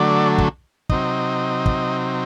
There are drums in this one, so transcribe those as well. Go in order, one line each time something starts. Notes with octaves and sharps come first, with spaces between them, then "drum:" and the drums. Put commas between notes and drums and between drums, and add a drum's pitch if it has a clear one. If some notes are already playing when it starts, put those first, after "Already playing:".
Already playing: D3 F#3 A3 D5
drum: kick
C3 F#3 C4 D#4 D#5, drum: kick
drum: kick